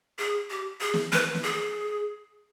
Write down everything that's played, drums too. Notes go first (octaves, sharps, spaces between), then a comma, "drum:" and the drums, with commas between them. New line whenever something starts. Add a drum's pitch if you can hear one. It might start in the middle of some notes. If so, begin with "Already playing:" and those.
G#4
G4
G#4
drum: snare
B4, drum: snare
drum: snare
G#4